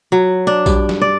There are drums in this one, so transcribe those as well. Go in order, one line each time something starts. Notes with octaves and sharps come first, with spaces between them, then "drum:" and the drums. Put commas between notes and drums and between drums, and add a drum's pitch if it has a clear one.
F#3
D4
G2, drum: kick A#1, tambourine
drum: snare F#3
D5